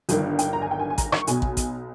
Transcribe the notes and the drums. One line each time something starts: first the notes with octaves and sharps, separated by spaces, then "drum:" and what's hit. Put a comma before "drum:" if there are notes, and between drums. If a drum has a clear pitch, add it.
G1 G2 D#3, drum: hi-hat
G5, drum: hi-hat
A#5
G#5
G5
G#5
G#5
A#5, drum: kick, hi-hat
C#6, drum: rim click
B1 B2 G#5, drum: hi-hat
drum: kick
drum: kick, hi-hat